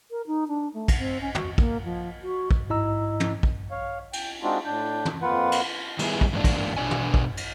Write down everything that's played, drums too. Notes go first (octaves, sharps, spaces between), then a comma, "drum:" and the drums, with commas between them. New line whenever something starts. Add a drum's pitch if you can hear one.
A#4
D#4
D4
A3
drum: kick, cymbal
C4
C#4
F#4, drum: tom
A#3, drum: kick
F3
F#4
drum: kick
G#2 E4 D#5 A#5 E6
drum: tom
drum: kick
C#5 F5
G5, drum: cymbal
G#3 C4 D4 D#4 F4 F#4
A2 D4 G6
drum: tom
F2 A#3 F4 B4 F#5
drum: cymbal
D#3 G3 B3 E4 G#4, drum: cymbal
drum: kick
E2 G#2 A#3 D4
drum: kick, cymbal
B2 D4 D5 G#5
drum: tom
drum: kick
drum: cymbal